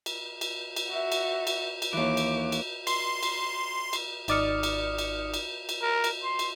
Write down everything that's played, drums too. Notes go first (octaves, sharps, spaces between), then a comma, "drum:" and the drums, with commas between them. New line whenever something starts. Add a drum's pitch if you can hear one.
drum: cymbal
drum: cymbal
drum: cymbal
F#4 E5
drum: cymbal
drum: cymbal
drum: cymbal
D#2 E3 D6
drum: cymbal
drum: cymbal
C6, drum: cymbal
drum: cymbal
drum: cymbal
G#1 D#4 D5 D#6 F6 C#7, drum: cymbal
drum: cymbal
drum: cymbal
drum: cymbal
drum: cymbal
A#4
drum: cymbal
C6
drum: cymbal